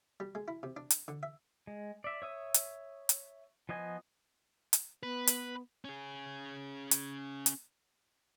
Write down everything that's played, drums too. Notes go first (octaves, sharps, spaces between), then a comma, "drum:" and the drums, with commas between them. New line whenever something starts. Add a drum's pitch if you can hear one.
G3
G#3
E4
C3
D4
drum: hi-hat
D3
E5
G#3
D5 E5
C#5 E5 D#6
drum: hi-hat
drum: hi-hat
F3 B3 D#5 G#5
drum: hi-hat
B3 B4
drum: hi-hat
C#4 G#4
drum: hi-hat
drum: hi-hat